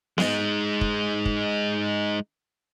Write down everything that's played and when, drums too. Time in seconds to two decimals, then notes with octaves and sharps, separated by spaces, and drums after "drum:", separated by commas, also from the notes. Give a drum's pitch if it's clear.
0.18 G#3 D#4, drum: snare B3
0.81 drum: kick
1.25 drum: kick